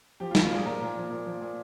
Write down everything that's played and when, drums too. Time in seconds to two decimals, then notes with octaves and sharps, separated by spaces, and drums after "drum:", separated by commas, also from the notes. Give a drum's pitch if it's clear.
0.20 F3 G4
0.31 F4
0.35 F3, drum: snare
0.43 F4
0.51 A#2 G#4
0.65 A#2 A#4
0.81 A#2
0.96 F3
1.10 A#2
1.26 F3
1.41 A#2